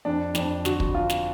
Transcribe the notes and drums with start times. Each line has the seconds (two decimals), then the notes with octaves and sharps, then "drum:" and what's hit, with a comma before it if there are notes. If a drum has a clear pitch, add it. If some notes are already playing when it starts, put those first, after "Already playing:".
0.05 F2 D4
0.35 F2 D4, drum: snare
0.65 D3 F#4, drum: snare
0.80 drum: kick
0.94 D3 F4
1.10 drum: snare